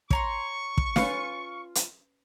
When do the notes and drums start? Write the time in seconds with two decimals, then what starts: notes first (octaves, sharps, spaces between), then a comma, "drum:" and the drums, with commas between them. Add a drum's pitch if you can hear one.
0.10 C#5 A#5 C6 C#6, drum: kick
0.78 drum: kick
0.96 C#4 F4 B4 F5, drum: snare
1.75 drum: hi-hat